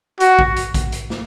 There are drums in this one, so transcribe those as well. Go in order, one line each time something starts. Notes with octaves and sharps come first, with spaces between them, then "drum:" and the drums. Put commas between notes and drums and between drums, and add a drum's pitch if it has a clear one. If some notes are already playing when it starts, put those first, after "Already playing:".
F#4, drum: hi-hat
drum: kick A#1
drum: hi-hat
drum: kick A#1, hi-hat
drum: hi-hat
drum: snare